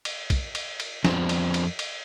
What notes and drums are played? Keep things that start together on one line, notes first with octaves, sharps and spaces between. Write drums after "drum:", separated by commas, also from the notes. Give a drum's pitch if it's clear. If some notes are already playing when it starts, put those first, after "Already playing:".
drum: cymbal
drum: kick, cymbal
drum: cymbal
drum: cymbal
F2 F3 B3 C4 D4, drum: snare
drum: cymbal
drum: cymbal
drum: cymbal